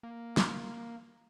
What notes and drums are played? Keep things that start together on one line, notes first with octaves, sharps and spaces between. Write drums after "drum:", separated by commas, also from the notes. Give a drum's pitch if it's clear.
A#3
drum: snare